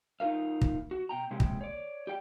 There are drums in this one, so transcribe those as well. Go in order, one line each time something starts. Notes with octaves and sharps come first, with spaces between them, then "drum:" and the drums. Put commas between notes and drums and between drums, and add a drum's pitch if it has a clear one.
D#4 F4 A#4 F5
drum: kick
F#4
B2 G5 A#5
C3 G#3 G4
drum: kick
C#5 D5
G4 D5 G5